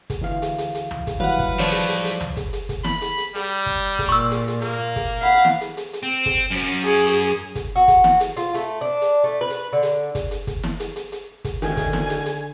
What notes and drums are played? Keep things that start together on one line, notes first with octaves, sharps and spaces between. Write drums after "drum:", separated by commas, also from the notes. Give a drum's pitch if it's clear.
drum: kick, hi-hat
D2 E3 F5
drum: hi-hat
drum: hi-hat
drum: hi-hat
drum: tom
drum: kick, hi-hat
E3 F#3 G3 B4 F5 F#5
drum: kick
A2 F3 D4 C#5
drum: hi-hat
drum: hi-hat
drum: hi-hat
drum: tom
drum: kick, hi-hat
drum: hi-hat
drum: kick, hi-hat
B5, drum: snare
drum: hi-hat
drum: hi-hat
G3, drum: hi-hat
drum: kick
drum: kick, hi-hat
A#2 C#6 E6
drum: hi-hat
drum: hi-hat
A#3, drum: hi-hat
drum: kick, hi-hat
F5 F#5 B5
drum: snare
drum: hi-hat
drum: hi-hat
drum: hi-hat
C4
drum: kick, hi-hat
F#2 C#4
G#4
drum: hi-hat
drum: kick, hi-hat
F#4
drum: kick, hi-hat
drum: snare
drum: hi-hat
F4, drum: hi-hat
A3, drum: hi-hat
D4
drum: hi-hat
A3
B4
drum: hi-hat
D3
drum: hi-hat
drum: kick, hi-hat
drum: hi-hat
drum: kick, hi-hat
drum: snare
drum: hi-hat
drum: hi-hat
drum: hi-hat
drum: kick, hi-hat
D2 D3 D#3 G#5, drum: hi-hat
drum: kick, hi-hat
drum: snare
drum: hi-hat
drum: hi-hat